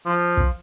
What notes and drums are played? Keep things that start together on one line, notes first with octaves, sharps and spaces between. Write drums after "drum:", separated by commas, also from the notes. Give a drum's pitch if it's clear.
F3
drum: kick